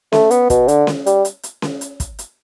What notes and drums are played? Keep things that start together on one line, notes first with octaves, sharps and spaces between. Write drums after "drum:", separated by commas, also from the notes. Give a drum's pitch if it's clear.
A3, drum: snare C#4
B3, drum: hi-hat
B2, drum: kick, hi-hat
D3, drum: hi-hat
drum: snare C#4
G3, drum: hi-hat
drum: hi-hat
drum: hi-hat
drum: snare C#4
drum: hi-hat
drum: kick, hi-hat
drum: hi-hat